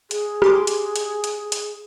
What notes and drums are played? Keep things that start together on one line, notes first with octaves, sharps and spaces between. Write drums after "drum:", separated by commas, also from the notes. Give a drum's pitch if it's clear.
G#4, drum: hi-hat
G4 C6 D6, drum: rim click
drum: hi-hat
drum: hi-hat
drum: hi-hat
drum: hi-hat